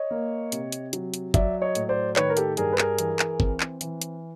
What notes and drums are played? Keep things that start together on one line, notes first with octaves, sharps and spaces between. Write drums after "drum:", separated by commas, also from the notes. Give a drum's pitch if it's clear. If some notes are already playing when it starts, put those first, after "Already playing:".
Already playing: C#5 D#5
A#3
C3, drum: hi-hat
drum: hi-hat
F#3, drum: hi-hat
drum: hi-hat
F#3 D5 E5, drum: kick, hi-hat
C#5 D#5
A2, drum: hi-hat
C5 D5
D#3 B4 C#5, drum: clap
A#4
G4 A4, drum: hi-hat
G2 G#4 A#4, drum: hi-hat
B4
G#4 A#4, drum: clap
E3, drum: hi-hat
drum: clap
C4, drum: kick
drum: clap
E3, drum: hi-hat
drum: hi-hat